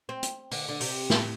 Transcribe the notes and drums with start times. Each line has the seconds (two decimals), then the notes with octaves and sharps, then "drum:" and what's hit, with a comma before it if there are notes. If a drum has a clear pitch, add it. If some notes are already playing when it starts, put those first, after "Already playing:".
0.09 C4
0.23 drum: hi-hat
0.51 D3, drum: open hi-hat
0.69 D3
0.80 C3, drum: open hi-hat
1.10 A2, drum: snare